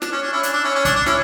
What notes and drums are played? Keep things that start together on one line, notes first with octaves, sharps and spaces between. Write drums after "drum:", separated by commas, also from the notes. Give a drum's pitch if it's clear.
D4, drum: snare
C#4
D4
C#4 E4
D4, drum: hi-hat
D4
C#4 E4
C#4
D4, drum: kick, hi-hat
D4
C#4 E4, drum: snare